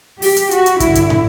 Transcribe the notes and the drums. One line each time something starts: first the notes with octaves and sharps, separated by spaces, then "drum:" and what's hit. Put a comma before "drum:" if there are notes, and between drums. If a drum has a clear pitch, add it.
G4, drum: open hi-hat
drum: hi-hat
F#4, drum: hi-hat
drum: hi-hat
G2 D3 E4, drum: kick, hi-hat
drum: kick, hi-hat
drum: tom